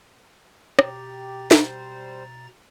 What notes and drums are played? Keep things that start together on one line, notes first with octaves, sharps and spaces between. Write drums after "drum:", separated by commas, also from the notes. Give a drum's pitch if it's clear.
B2 G4 A#5 A6, drum: rim click
G3 C5, drum: snare